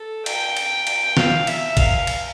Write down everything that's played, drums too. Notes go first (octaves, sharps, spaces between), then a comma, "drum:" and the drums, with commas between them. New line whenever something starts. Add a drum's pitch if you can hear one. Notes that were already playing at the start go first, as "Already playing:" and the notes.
Already playing: A4
G5, drum: cymbal
drum: cymbal
drum: cymbal
F5, drum: snare
E5, drum: cymbal
F5, drum: kick G#1, cymbal
drum: cymbal